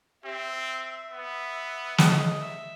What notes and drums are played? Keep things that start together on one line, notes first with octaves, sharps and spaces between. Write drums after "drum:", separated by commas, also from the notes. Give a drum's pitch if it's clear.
C4 G4 E5
B3
G4 D#5, drum: snare
E5